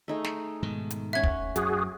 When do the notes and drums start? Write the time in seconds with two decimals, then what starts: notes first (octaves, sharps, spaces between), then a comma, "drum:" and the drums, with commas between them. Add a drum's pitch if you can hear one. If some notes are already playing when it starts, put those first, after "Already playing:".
0.08 A3 D#4 G#4
0.24 drum: snare
0.63 G#2 B2 D#3
0.90 drum: hi-hat
1.13 C#4 E5 F#5 G#6
1.24 drum: kick
1.56 F#2 F#4 G#4, drum: hi-hat